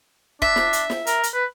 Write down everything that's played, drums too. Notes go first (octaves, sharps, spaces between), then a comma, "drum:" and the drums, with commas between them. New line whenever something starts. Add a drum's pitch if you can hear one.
D4 E5, drum: kick
drum: snare
drum: hi-hat
drum: snare
A#4, drum: hi-hat
drum: hi-hat
B4